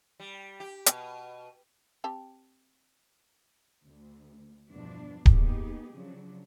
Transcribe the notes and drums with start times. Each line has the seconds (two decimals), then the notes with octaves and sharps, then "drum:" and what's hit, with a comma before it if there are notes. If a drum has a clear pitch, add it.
0.20 G3
0.60 G4
0.86 B2, drum: hi-hat
2.04 C4 G4 A5
3.84 D2
4.70 E2 G2 B2 F3 D4
5.26 A#3 B3 D#4 G4 G#4, drum: kick D1
5.94 C#3 F3 F#3 D4